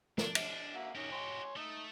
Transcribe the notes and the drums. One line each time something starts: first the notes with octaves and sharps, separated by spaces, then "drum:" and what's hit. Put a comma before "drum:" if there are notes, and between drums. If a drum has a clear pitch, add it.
D4, drum: snare
drum: cymbal
A#3 F#4 E5
D#3 C#4 F#4 G4
C#5 G#5 C6
A3 D#4 A4 D#6